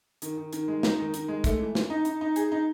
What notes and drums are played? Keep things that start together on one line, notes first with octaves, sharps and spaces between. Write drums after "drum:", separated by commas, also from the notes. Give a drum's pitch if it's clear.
D#3, drum: hi-hat
D#3
D#3, drum: hi-hat
G#3
D#4, drum: snare
D#3
D#3, drum: hi-hat
G#3
A3, drum: kick, hi-hat
E3
E3, drum: snare
D#4
D#4, drum: hi-hat
D#4
G#4, drum: hi-hat
D#4